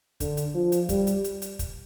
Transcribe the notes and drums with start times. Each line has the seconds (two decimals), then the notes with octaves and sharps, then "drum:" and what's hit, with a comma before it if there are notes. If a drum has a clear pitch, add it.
0.20 D3, drum: kick, hi-hat
0.37 drum: hi-hat
0.54 F3
0.72 drum: hi-hat
0.89 G3, drum: kick, hi-hat
1.07 drum: hi-hat
1.24 drum: hi-hat
1.42 drum: hi-hat
1.59 drum: kick, hi-hat